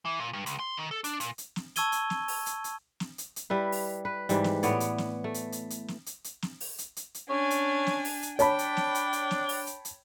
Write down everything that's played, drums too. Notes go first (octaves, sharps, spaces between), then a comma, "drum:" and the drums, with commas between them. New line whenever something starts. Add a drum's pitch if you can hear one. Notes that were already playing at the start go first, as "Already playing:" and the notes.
E3
A#2
G2
C#2, drum: hi-hat
C6
D#3
A4
D4, drum: hi-hat
A#2, drum: hi-hat
drum: hi-hat
drum: snare
A5 C#6 E6 G#6 D#7 G7, drum: hi-hat
drum: hi-hat
drum: snare
drum: open hi-hat
drum: hi-hat
drum: hi-hat
drum: snare
drum: hi-hat
drum: hi-hat
G3 E4 B4
drum: open hi-hat
B4
G#2 E3 G3, drum: hi-hat
drum: snare
A2 B3 C#5 D5, drum: hi-hat
drum: hi-hat
drum: snare
A3
drum: hi-hat
drum: hi-hat
drum: hi-hat
drum: snare
drum: hi-hat
drum: hi-hat
drum: snare
drum: open hi-hat
drum: hi-hat
drum: hi-hat
drum: hi-hat
C#4 D4 G#5
drum: hi-hat
drum: snare
drum: open hi-hat
drum: hi-hat
D4 C#5 G5 A5 B5, drum: hi-hat
drum: hi-hat
drum: snare
drum: hi-hat
drum: hi-hat
drum: snare
drum: open hi-hat
drum: hi-hat
drum: hi-hat